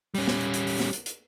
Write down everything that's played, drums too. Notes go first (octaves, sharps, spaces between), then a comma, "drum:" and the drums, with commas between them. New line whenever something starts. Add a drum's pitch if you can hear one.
G3 C#4, drum: open hi-hat
drum: snare
drum: hi-hat
drum: hi-hat
drum: open hi-hat
drum: snare
drum: hi-hat
drum: hi-hat